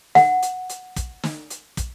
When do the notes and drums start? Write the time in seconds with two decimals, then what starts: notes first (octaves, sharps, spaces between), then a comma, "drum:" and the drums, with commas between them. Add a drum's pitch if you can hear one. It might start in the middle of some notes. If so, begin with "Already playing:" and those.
0.15 F#5, drum: snare
0.43 drum: hi-hat
0.70 drum: hi-hat
0.97 drum: kick, hi-hat
1.23 drum: snare
1.50 drum: hi-hat
1.77 drum: kick, hi-hat